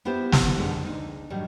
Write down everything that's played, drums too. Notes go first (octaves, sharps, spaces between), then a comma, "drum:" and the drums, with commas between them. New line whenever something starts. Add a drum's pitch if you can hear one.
B3 E4 F4 G4 C5
drum: snare
F2 D3 D#3 G#3 A3
D2 D#4
A2 D#3 F#3 G3